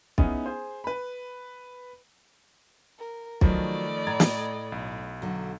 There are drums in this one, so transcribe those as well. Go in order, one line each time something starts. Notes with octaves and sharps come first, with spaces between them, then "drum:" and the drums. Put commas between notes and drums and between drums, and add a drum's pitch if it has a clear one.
B3 C#4 D#4 E4 G#4, drum: kick
G#4 C5
B4 B5
A#4
D#3 F3 F#3 A3 D5 D#5 B5, drum: kick
A2 A#5 G#6 A6
drum: snare
B1
D3 F#3 A4